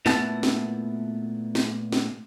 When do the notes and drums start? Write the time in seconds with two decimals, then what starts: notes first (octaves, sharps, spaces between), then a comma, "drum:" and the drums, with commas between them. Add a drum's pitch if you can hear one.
0.06 A#2 A3 B3 E4 F#5 A5, drum: snare
0.43 drum: snare
1.55 drum: snare
1.92 drum: snare